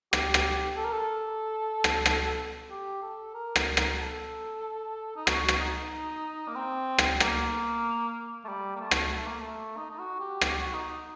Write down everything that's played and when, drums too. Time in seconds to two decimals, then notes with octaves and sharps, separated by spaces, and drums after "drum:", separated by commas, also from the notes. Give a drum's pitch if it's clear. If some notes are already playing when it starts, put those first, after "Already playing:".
0.13 G4, drum: rim click
0.34 drum: rim click
0.76 A4
0.84 A#4
0.93 A4
1.84 drum: rim click
2.06 drum: rim click
2.70 G4
3.02 A4
3.34 A#4
3.56 drum: rim click
3.77 drum: rim click
3.98 A4
5.16 D#4
5.27 F#4, drum: rim click
5.48 drum: rim click
5.59 D#4
6.48 A#3
6.55 C4
6.98 drum: rim click
7.20 A#3, drum: rim click
8.44 A3
8.48 G3
8.75 A#3
8.80 A3
8.91 drum: rim click
9.13 A3
9.26 A#3
9.41 A3
9.77 D#4
9.91 D#4
9.99 F#4
10.19 G4
10.41 F#4, drum: rim click
10.50 G4
10.59 F#4
10.74 D#4